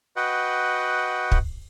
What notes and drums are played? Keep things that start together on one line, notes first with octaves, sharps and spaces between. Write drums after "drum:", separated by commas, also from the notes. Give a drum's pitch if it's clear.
F#4 B4 D#5 F#5 G5
drum: kick